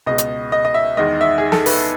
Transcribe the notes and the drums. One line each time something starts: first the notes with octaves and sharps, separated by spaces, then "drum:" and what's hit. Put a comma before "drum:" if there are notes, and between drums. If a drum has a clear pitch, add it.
C#2 B2 G#3 D#5
drum: hi-hat
D#5
D#5
E5
E2 D#3 G#3 D#5
E5
G#4
A4, drum: snare
B4, drum: open hi-hat